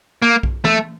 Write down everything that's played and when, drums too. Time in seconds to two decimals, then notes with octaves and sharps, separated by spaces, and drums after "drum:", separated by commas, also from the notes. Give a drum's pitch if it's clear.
0.22 A#3
0.43 drum: kick B1
0.65 A3, drum: tom